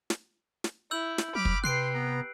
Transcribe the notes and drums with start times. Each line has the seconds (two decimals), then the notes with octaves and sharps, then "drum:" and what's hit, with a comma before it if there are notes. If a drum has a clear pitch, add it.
0.10 drum: snare
0.64 drum: snare
0.91 E4 E6 G6 F#7
1.18 drum: snare
1.35 F#3 B5 D6 F6
1.45 drum: kick
1.64 C3 G4 B4 C6 F#6 C7 D7
1.94 B3 A#5